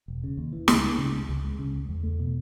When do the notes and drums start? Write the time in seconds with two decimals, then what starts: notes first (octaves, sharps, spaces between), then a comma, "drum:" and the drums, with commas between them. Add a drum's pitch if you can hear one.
0.08 E1
0.24 C#3
0.37 D#2
0.53 E3
0.68 C#2, drum: snare
0.84 G#3
0.98 C#3
1.14 C#2
1.29 C#2
1.44 G#3
1.59 C#3
1.73 C#2
1.89 E2
2.03 A3
2.19 B2